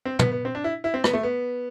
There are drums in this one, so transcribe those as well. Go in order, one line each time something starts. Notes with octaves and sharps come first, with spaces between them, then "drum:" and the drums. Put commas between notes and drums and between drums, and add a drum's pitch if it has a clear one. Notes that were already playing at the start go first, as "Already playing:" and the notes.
C4
B3, drum: tom
B3
C4
D4
E4
E4
C4
B3, drum: rim click
A3
B3